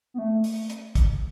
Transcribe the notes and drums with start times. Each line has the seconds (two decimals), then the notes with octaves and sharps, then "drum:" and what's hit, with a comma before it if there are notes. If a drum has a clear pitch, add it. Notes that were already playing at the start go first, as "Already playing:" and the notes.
0.14 B3
0.18 A3
0.44 drum: open hi-hat
0.70 drum: hi-hat
0.95 drum: kick, hi-hat